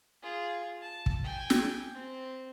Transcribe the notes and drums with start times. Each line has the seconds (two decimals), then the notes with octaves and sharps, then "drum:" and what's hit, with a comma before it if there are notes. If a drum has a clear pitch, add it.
0.22 F4 G#4
0.82 A5
1.06 drum: kick
1.24 G5 G#5
1.50 drum: snare
1.94 C4